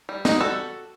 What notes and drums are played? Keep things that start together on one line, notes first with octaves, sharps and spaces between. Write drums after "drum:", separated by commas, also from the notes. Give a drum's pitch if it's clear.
G3
D#4 F#4, drum: snare
G3 F#4 A4